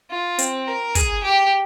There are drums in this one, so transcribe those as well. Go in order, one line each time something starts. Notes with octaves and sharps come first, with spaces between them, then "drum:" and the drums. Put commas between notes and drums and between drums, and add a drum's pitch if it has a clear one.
F4
C4, drum: hi-hat
A#4
G#4, drum: kick, hi-hat
G4